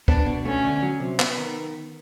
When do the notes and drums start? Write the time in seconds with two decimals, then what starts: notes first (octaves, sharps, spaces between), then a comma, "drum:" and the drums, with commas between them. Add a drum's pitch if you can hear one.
0.08 B3 D4, drum: kick
0.26 B2
0.45 A3 C#4
0.64 D3
0.83 F#3
1.00 C3
1.19 B3, drum: clap
1.37 D#3